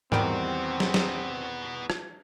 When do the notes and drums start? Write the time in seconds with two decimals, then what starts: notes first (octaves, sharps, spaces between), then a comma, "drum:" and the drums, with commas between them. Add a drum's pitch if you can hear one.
0.12 E2 D#3 G3 B3 C4 F#4 F6 D7, drum: tom G#2
0.80 drum: snare
0.94 drum: snare
1.90 drum: rim click